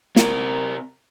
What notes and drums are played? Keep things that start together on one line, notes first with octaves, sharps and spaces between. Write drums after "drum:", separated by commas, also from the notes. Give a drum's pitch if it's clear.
C3 A#4, drum: snare